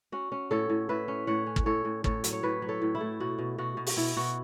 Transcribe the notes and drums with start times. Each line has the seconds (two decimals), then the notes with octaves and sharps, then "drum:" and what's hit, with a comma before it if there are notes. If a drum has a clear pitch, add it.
0.12 C#4 F#4
0.32 C#4
0.51 A2 A4 C#5
0.70 A2
0.89 A2 B4 E5
1.08 C#4
1.27 A2 C#5 F#5
1.47 C#4
1.56 drum: kick
1.66 A2 A4 C#5
1.85 A2
2.04 A2 A4 C#5, drum: kick
2.24 F#3, drum: hi-hat
2.32 C#5
2.43 A2 F#4 B4
2.62 F#3
2.69 A4 C#5
2.82 A2
2.95 E4
3.01 A3
3.20 B2 F#4
3.39 B2
3.58 B2 F#4
3.77 B2
3.86 drum: open hi-hat
3.97 B2 E4
4.17 B2 F#4